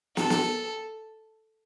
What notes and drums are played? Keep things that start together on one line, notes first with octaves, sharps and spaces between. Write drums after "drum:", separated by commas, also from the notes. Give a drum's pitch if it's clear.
A4, drum: snare
drum: snare